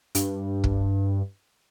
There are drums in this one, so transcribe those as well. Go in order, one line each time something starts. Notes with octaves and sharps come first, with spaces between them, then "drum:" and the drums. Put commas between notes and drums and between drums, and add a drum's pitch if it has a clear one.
G2, drum: hi-hat
drum: kick